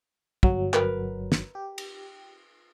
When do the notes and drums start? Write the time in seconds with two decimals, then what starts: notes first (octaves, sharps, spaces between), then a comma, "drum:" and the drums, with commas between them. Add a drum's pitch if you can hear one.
0.43 G1 F#3, drum: kick
0.73 A#4 B4, drum: clap
1.32 drum: snare
1.55 G4
1.78 drum: cymbal